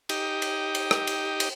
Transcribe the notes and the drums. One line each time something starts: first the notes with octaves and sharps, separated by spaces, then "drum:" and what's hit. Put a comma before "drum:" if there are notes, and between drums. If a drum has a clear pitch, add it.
D#4 G4, drum: cymbal
drum: cymbal
drum: cymbal
drum: rim click
drum: cymbal
drum: cymbal